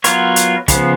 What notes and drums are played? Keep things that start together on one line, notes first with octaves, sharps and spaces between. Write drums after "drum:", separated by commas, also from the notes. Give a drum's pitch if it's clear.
F#3 B3 F4 A#4 C#5, drum: hi-hat
drum: hi-hat
C#3 F3 B3, drum: kick, hi-hat